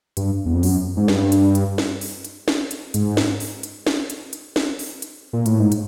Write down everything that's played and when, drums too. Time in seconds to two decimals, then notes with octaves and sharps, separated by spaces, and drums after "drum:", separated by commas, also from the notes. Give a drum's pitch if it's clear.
0.17 G2, drum: hi-hat
0.46 E2
0.54 F2
0.63 F#2, drum: open hi-hat
0.97 G#2
1.08 G2, drum: snare
1.32 drum: hi-hat
1.55 drum: hi-hat
1.78 drum: snare
2.01 drum: open hi-hat
2.25 drum: hi-hat
2.48 drum: snare
2.71 drum: hi-hat
2.94 G#2, drum: hi-hat
3.17 drum: snare
3.40 drum: open hi-hat
3.63 drum: hi-hat
3.87 drum: snare
4.10 drum: hi-hat
4.33 drum: hi-hat
4.56 drum: snare
4.79 drum: open hi-hat
5.02 drum: hi-hat
5.33 A#2
5.46 A2, drum: hi-hat
5.59 G#2
5.72 drum: hi-hat